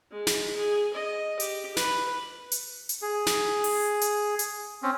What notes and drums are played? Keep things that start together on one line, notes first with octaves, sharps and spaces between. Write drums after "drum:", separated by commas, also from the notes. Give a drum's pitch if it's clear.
G#3
drum: snare
G#4
D#5
G4, drum: hi-hat
B4, drum: snare
drum: hi-hat
drum: hi-hat
G#4
drum: snare
drum: open hi-hat
drum: hi-hat
drum: hi-hat
C4 C#4